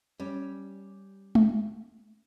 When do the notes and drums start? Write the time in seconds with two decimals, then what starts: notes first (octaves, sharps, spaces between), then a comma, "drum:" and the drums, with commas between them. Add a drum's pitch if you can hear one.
0.20 G3 C#4
1.35 drum: tom G#3